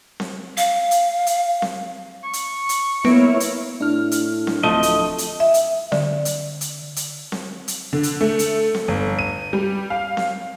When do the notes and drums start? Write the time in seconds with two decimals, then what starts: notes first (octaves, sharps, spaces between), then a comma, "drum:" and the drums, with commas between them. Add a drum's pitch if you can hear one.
0.20 drum: snare C4
0.57 F5, drum: hi-hat
0.91 drum: hi-hat
1.27 drum: hi-hat
1.62 drum: snare C4
2.24 C#6
2.33 drum: hi-hat
2.69 drum: hi-hat
3.05 A#3 B3 E4 C#5, drum: snare C4
3.40 drum: hi-hat
3.81 A2 D4 F6
4.11 drum: hi-hat
4.47 drum: snare C4
4.63 D1 F3 A3 D#5
4.83 drum: hi-hat
5.18 drum: hi-hat
5.40 E5
5.54 drum: hi-hat
5.92 D3, drum: snare C4
6.25 drum: hi-hat
6.61 drum: hi-hat
6.96 drum: hi-hat
7.32 drum: snare C4
7.68 drum: hi-hat
7.93 D3
8.03 drum: hi-hat
8.21 A3
8.39 drum: hi-hat
8.75 drum: snare C4
8.88 G1
9.19 D#7
9.53 G3
9.90 F5
10.17 drum: snare C4